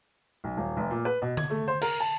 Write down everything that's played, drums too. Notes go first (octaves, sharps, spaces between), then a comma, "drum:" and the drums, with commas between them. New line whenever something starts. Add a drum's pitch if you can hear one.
B1
D#1
F1
A#2
B4
B2
G#6, drum: tom D3
A3
C5
A#4, drum: cymbal
A5